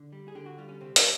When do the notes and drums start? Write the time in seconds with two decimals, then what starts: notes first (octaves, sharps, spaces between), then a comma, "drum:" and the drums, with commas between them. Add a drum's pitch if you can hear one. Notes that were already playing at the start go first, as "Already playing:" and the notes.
Already playing: D3
0.13 G3
0.28 G#4
0.35 D3 G4
0.46 F#4
0.58 G3 F4
0.69 C#4
0.81 C3 C4
0.96 D4, drum: hi-hat